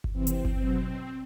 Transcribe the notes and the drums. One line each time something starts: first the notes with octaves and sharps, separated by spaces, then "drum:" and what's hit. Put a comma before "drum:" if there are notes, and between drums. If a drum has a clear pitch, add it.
drum: kick G1
C3 E3 C4
drum: hi-hat
drum: kick G1
B2 F#3